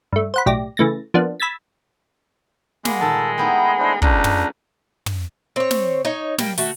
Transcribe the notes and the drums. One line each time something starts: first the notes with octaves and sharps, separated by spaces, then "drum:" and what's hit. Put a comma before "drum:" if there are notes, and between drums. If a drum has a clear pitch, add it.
G2 A3
C5 F#5 B5
B1 A2 G4 D5 A#6
C#3 E3 A3 A6 A#6
F3 A#3 B3 D4
B5 E6 G#6 A6 B6
G3 G#3 A#3 F#4, drum: snare
A#2 D#3 G3 A4 A5
A3 B3 D#4 E4 G5
D4 E4 C5
C#2 D4 A#5, drum: kick
drum: tom
drum: tom
C4 C#5
drum: snare
D#4 C#5
G3 A#3 G5, drum: snare
A3 F#4, drum: open hi-hat